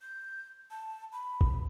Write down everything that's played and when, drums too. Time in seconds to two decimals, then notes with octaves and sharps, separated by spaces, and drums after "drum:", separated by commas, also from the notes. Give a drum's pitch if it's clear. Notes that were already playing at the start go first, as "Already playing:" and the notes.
0.01 G6
0.71 A5
1.12 B5
1.41 drum: kick